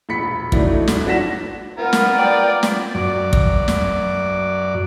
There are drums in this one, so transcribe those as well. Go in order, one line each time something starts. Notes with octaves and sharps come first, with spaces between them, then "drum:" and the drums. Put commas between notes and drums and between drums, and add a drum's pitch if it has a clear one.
E1 A#1 B5 B6 C#7
E3 F#3 A3 D4 D#4, drum: kick
G#2, drum: snare
F#3 D4 F#4 A#6 B6 E7
B3 F4 A#4 A#5
drum: snare
D5 G5
drum: snare
F#2 D5
drum: kick
drum: snare